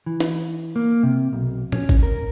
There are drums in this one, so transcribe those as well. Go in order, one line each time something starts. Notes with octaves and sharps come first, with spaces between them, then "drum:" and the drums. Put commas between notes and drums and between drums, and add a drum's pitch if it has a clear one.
E3
drum: snare
A#3
C3
B1
C#4, drum: tom A2
drum: kick G#1
A#4